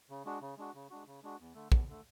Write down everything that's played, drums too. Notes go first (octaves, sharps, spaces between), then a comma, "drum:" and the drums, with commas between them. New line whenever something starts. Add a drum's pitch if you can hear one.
C#3
G#3 D4 F#4
C#3
G#3 D4 F#4
C#3
G#3 D4 F#4
C#3
G#3 D4 F#4
E2
D3 A3
E2, drum: kick
D3 A3